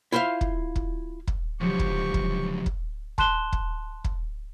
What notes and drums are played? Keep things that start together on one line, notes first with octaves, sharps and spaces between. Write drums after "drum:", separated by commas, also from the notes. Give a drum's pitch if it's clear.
E4 F4 C5 E5 F5
drum: kick
drum: kick
drum: kick
C#2 D3 F3 F#3 G4 C#6
drum: kick
drum: kick
drum: kick
A5 C6 F#6 E7 G7, drum: kick
drum: kick
drum: kick